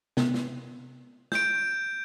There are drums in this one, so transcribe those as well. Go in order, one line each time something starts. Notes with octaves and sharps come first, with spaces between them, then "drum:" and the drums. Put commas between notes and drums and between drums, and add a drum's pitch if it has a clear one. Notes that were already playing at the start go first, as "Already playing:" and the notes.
C3 B3, drum: snare
drum: snare
G6 D7, drum: snare